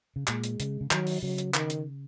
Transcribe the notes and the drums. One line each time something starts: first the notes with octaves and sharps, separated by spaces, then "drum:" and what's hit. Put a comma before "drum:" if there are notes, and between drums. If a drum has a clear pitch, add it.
C#3
A#2 G#3, drum: clap
drum: hi-hat
C#3, drum: hi-hat
C#3
D#3 F#3, drum: clap
drum: open hi-hat
C#3 F#3
drum: hi-hat
D#3, drum: clap
drum: hi-hat